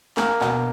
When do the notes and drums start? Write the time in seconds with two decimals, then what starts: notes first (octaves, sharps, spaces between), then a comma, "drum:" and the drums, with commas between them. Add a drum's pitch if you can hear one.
0.17 A#3, drum: clap
0.41 B2, drum: clap